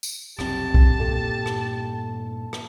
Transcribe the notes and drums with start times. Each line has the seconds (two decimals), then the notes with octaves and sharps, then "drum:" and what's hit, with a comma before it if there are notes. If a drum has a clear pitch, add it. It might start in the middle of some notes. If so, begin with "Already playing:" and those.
0.03 drum: tambourine
0.39 F1 B1 C4 G4 A5, drum: rim click
0.74 drum: kick B1
1.00 G2 A#2 A4
1.46 drum: rim click
2.53 drum: rim click